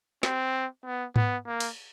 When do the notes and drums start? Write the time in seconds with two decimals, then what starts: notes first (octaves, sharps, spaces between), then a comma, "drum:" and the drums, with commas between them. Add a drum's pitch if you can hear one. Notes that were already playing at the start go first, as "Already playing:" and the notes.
0.23 C4, drum: snare
0.85 B3
1.16 B3, drum: tom G#2
1.47 A#3
1.60 drum: cymbal